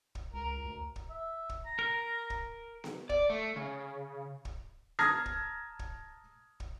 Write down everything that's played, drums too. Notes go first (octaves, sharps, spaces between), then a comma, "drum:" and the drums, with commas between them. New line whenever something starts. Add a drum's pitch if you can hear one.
drum: kick
C#2 A#4
D2
drum: kick
E5
drum: kick
A#5
A#4
drum: kick
drum: snare B3
D5, drum: kick
A3
C#3
drum: kick
A5 A#5 D#6 F6 G#6 A#6, drum: snare B3
drum: kick
drum: kick
drum: kick